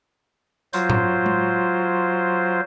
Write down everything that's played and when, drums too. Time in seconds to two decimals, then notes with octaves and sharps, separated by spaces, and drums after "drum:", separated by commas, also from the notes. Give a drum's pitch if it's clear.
0.73 F#3 F4 C5, drum: hi-hat
0.90 drum: tom A2
1.26 drum: tom G#3